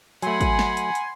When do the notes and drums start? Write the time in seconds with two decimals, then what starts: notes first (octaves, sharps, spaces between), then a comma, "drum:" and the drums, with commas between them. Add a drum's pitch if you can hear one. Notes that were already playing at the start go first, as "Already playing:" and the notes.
0.22 F#3 A3 F#5 G#5 B5 C6, drum: hi-hat
0.41 drum: kick, hi-hat
0.59 drum: snare
0.77 drum: hi-hat
0.95 drum: hi-hat